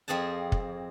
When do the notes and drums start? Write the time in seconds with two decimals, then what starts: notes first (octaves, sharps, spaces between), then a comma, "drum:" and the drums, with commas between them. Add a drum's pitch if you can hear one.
0.08 F2 C4 G#4 G#5 A5
0.52 drum: kick